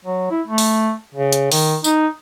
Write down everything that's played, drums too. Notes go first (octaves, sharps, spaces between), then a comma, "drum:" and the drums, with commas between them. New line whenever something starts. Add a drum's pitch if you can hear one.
F#3
E4
A3
drum: open hi-hat
C#3
drum: hi-hat
D#3, drum: open hi-hat
D#4, drum: tambourine